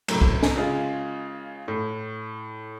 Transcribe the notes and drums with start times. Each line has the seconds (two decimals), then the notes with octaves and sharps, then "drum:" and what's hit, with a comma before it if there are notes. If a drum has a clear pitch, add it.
0.08 F#2 A2 C3, drum: cymbal
0.21 drum: kick C2
0.43 drum: snare
0.56 C#3 G#3 F4 G#4
1.68 A2